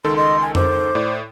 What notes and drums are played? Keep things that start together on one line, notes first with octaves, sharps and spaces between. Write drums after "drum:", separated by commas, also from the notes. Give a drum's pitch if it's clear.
C#2 D#3 A4 C6
D#5 C6
G#5
C5 D6, drum: tom F2
A2 D5